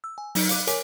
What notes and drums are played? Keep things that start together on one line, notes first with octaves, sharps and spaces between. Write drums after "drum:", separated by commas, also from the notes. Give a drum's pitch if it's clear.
E6
G#5
F#3 D#4 D7, drum: open hi-hat
F5 D6 F#6, drum: hi-hat
A#4 C#5 G#5 D6 B6, drum: hi-hat